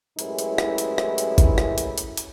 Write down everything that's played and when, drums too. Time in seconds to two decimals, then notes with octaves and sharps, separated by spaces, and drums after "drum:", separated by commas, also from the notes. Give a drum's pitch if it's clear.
0.19 F#2 A2 G#3 E4 G4 B4, drum: hi-hat
0.39 drum: hi-hat
0.58 drum: rim click
0.78 drum: hi-hat
0.98 drum: rim click
1.18 drum: hi-hat
1.38 drum: kick G#1, hi-hat
1.58 drum: rim click
1.78 drum: hi-hat
1.98 drum: hi-hat
2.17 drum: hi-hat